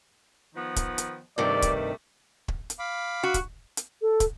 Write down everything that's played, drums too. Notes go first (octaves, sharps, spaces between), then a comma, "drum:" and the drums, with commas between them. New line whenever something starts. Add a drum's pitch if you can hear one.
D#3 F3 B3
drum: kick, hi-hat
drum: hi-hat
G2 C3 D#3 G3 A3 D4 D5
drum: kick, hi-hat
drum: kick
drum: hi-hat
F5 B5 D6
F#4
drum: kick, hi-hat
drum: hi-hat
A4
drum: kick, hi-hat